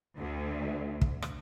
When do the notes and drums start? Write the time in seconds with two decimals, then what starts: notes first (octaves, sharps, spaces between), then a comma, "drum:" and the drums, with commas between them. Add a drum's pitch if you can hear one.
0.18 D2
1.01 drum: kick
1.22 drum: rim click